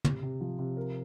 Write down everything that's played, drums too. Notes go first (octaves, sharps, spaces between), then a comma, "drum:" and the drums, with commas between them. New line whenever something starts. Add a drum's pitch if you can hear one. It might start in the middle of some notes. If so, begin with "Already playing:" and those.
C3, drum: tom
C3
F3
C3
A#4